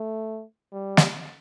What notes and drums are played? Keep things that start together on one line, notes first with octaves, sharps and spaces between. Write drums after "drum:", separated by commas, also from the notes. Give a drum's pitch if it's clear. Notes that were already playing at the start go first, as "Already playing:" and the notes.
Already playing: A3
G3
drum: snare